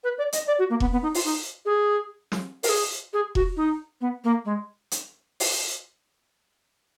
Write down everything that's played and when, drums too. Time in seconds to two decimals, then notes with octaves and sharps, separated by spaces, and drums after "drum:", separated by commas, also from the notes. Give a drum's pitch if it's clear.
0.04 B4
0.18 D5
0.33 D#5, drum: hi-hat
0.47 D5
0.59 F#4
0.70 A#3
0.80 B3, drum: kick E1
0.92 B3
1.03 D#4
1.14 F4, drum: open hi-hat
1.25 D#4
1.65 G#4
2.32 drum: snare
2.63 A#4, drum: open hi-hat
2.69 G#4
3.13 G#4
3.35 F#4, drum: kick E1
3.57 D#4
4.01 B3
4.24 A#3
4.45 G#3
4.91 drum: hi-hat
5.40 drum: open hi-hat